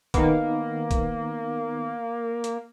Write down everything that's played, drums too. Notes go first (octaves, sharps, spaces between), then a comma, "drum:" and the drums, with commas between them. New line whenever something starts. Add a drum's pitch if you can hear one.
D#3 A#3 B3, drum: kick, hi-hat
drum: kick, hi-hat
drum: hi-hat